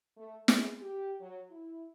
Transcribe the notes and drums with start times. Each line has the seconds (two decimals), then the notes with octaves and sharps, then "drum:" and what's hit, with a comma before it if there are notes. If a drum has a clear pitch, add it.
0.17 A3
0.48 G#3, drum: snare
0.81 G4
1.20 F#3
1.50 E4